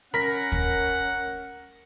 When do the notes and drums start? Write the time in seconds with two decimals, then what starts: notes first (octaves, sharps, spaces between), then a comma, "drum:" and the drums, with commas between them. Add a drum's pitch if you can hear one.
0.14 C#4 A#4 F#5 B5 A#6
0.52 drum: kick